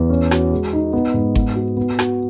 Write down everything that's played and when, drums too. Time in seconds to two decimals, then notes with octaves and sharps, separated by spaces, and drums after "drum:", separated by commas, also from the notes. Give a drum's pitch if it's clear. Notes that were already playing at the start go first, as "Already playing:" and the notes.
Already playing: E2
0.10 C#4
0.31 F#4, drum: rim click
0.51 G#3
0.73 D#4
0.93 B3
1.14 G#2
1.35 B3, drum: kick G1
1.56 F#4
1.77 B3
1.99 F#4, drum: rim click